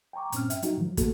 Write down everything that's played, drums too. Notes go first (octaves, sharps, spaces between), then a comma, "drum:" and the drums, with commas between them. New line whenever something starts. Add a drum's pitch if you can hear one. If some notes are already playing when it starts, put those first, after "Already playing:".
G5 G#5 A#5 C#6 D6
G2 A#2 C4 C#4 F6, drum: hi-hat
E5 G5, drum: hi-hat
F#3 D#4 F#4, drum: hi-hat
G#2 D#3 F3 F#3
A3 A#3 F#4 A4, drum: kick, hi-hat